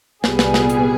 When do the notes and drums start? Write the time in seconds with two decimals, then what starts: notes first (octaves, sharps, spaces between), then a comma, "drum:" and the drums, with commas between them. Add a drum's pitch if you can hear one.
0.24 C2 A#2 G3 B3 G#4, drum: snare
0.39 drum: snare
0.54 drum: snare
0.70 drum: hi-hat